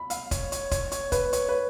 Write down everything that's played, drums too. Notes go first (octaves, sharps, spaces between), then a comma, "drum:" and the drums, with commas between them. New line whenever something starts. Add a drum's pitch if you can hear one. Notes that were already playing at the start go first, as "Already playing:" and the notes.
Already playing: B5
F5, drum: hi-hat
C#5, drum: kick, hi-hat
C#5, drum: hi-hat
C#5, drum: kick, hi-hat
C#5, drum: hi-hat
B4, drum: kick, hi-hat
C#5, drum: hi-hat
B4